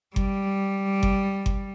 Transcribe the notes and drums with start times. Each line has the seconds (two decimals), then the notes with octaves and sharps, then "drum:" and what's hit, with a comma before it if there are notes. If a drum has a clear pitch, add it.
0.16 G3, drum: kick G1
1.03 drum: kick G1
1.46 drum: kick G1